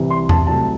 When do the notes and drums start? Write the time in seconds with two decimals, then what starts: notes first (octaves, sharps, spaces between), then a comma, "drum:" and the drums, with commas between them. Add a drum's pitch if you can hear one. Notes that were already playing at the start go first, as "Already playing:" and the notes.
Already playing: C2 C3 E3
0.10 C6
0.29 A5, drum: tom E2
0.47 C2 C3 F#3 A3 A5